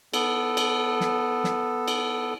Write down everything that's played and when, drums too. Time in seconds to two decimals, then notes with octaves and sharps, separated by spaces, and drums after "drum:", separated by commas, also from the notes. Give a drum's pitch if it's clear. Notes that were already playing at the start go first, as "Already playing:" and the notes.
0.14 B3 A4, drum: cymbal
0.57 drum: cymbal
1.01 drum: snare
1.44 drum: snare
1.88 drum: cymbal